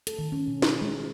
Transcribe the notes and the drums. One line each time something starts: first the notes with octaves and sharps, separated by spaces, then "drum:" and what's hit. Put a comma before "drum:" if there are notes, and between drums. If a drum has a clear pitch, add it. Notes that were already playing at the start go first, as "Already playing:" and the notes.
A4, drum: hi-hat
D#3
C#4
B2
G#4, drum: snare
G#3